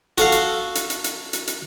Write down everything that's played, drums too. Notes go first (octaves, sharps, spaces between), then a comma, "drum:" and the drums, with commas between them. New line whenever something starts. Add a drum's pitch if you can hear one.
F#4 A4 F5, drum: hi-hat
drum: hi-hat
drum: hi-hat
drum: hi-hat
drum: hi-hat
drum: hi-hat
drum: hi-hat